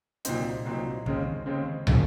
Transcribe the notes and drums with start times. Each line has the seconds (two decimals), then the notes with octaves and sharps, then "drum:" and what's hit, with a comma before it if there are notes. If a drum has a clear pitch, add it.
0.25 C2 A#2 F#3 C4 D#4, drum: hi-hat
0.65 C2 A#2 F#3 C4 D#4
1.06 D#2 C#3 G#3 C4, drum: kick
1.46 D#2 C#3 G#3 C4
1.87 F3 A#3 C#4 G#4, drum: tom